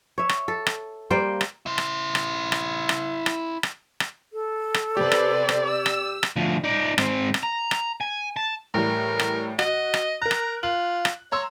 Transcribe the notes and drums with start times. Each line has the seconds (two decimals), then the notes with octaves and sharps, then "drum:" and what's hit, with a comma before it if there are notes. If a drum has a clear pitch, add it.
0.18 C#5 E5
0.29 drum: rim click
0.48 A4
0.66 drum: rim click
1.10 G3 A#3 C5 G5
1.41 drum: rim click
1.66 E4 C5
1.78 drum: rim click
2.15 drum: rim click
2.52 drum: rim click
2.89 drum: rim click
3.26 drum: rim click
3.63 drum: rim click
4.00 drum: rim click
4.33 A4
4.74 drum: rim click
4.97 C3 G4 B4 C5 D5
5.12 drum: rim click
5.49 drum: rim click
5.67 E6
5.86 drum: rim click
6.23 drum: rim click
6.36 D2 F3
6.64 D#4 D5
6.98 G#2 C4, drum: rim click
7.34 drum: rim click
7.43 A#5
7.71 drum: rim click
8.01 G#5
8.36 A5
8.74 A2 E3 G3 A#4
9.19 drum: rim click
9.59 F#4 D#5, drum: rim click
9.94 drum: rim click
10.22 A#4 A#5 F#6
10.31 drum: rim click
10.63 F4 F#7
11.05 drum: rim click
11.32 C#5 A#5 C6 E6